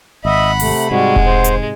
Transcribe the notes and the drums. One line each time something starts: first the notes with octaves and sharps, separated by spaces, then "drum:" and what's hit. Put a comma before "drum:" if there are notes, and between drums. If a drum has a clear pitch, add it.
G#1 D#5 E5 F#5 B5
C3 A3, drum: open hi-hat
G#2 C3 G3 G#3 F#4 F#5
drum: kick E1
C5
drum: hi-hat